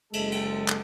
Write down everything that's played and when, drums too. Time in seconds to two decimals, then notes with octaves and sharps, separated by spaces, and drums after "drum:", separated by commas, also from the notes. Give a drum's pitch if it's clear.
0.13 F#1 G#3 A4, drum: cymbal
0.32 drum: cymbal
0.68 drum: clap